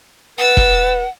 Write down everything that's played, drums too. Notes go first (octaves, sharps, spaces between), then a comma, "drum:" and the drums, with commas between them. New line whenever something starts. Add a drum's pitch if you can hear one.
B4 F#5 E6 A6
drum: kick F1